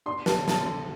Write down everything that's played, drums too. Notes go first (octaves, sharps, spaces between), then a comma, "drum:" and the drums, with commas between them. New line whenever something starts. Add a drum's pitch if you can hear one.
D4 C6
A5, drum: snare
D3
A5, drum: snare
D3